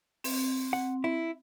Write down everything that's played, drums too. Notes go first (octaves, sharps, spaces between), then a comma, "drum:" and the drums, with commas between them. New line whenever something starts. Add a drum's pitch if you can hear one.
C4, drum: open hi-hat
F#5
E4